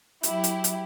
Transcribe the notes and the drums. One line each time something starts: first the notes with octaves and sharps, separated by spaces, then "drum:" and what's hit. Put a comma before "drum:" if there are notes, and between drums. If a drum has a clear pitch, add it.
F#3 E4 G4, drum: hi-hat
drum: hi-hat
drum: hi-hat